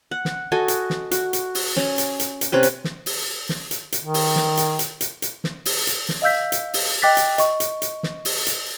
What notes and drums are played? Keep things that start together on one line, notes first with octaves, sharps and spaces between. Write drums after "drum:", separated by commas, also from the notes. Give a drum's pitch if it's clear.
F#5
drum: snare
F#4 A4 D#5 G#5
drum: hi-hat
drum: snare
F#4, drum: hi-hat
drum: hi-hat
drum: open hi-hat
C#4, drum: snare
drum: hi-hat
drum: hi-hat
drum: hi-hat
C3 C#4 B4 G5
drum: hi-hat
drum: snare
drum: open hi-hat
drum: snare
drum: hi-hat
drum: hi-hat
D#3
drum: open hi-hat
drum: snare
drum: hi-hat
drum: hi-hat
drum: hi-hat
drum: hi-hat
drum: snare
drum: open hi-hat
drum: hi-hat
drum: snare
D#5 F5 E6 G6 B6
drum: hi-hat
drum: open hi-hat
D#5 G5 D6 F#6 A6 B6
drum: hi-hat
D#5 C#6, drum: hi-hat
drum: hi-hat
drum: hi-hat
drum: snare
drum: open hi-hat
drum: hi-hat